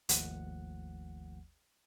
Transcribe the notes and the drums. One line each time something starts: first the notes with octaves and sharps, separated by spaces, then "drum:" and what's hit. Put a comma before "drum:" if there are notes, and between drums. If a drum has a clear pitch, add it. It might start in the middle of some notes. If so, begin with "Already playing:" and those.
G#1 D#2 F3 A3 F#5, drum: hi-hat